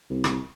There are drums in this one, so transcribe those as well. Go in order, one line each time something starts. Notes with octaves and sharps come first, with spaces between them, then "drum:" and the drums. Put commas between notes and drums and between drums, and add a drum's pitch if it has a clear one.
C2
drum: rim click